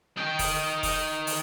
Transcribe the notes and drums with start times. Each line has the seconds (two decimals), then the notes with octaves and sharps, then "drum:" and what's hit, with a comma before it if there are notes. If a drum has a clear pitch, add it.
0.17 D#4 G5
0.39 drum: kick, open hi-hat
0.83 drum: kick, open hi-hat
1.27 drum: open hi-hat